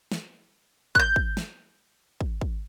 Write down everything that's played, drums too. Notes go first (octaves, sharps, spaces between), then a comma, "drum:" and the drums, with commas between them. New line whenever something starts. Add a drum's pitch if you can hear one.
drum: snare
F#6 G6, drum: kick
drum: kick
drum: snare
drum: kick
drum: kick